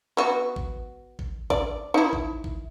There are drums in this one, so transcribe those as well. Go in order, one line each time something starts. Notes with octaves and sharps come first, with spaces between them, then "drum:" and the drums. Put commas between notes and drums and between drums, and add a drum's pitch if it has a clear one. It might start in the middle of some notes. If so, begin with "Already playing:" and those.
B3 F#4
drum: kick G#1
drum: kick G#1
D5, drum: kick G#1
D#4 E4
drum: kick G#1
drum: kick G#1